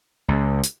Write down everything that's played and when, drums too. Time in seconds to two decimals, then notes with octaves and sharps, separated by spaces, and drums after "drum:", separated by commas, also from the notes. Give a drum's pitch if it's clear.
0.28 C#2
0.64 drum: hi-hat